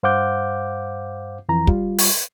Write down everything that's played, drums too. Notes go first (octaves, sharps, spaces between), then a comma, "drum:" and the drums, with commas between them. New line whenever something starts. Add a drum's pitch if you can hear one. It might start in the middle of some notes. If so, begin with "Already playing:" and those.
G2 C5 F5 F#5 D6 G6
F2 E3 A#5
G3 F4, drum: kick
drum: open hi-hat